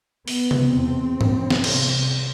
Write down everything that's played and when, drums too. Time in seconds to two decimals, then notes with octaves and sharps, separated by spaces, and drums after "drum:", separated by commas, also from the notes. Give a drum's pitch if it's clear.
0.28 B3, drum: open hi-hat
0.51 drum: tom C3
0.73 E2 B2 C4
1.21 drum: tom G#2
1.50 drum: snare
1.64 C2 C3, drum: cymbal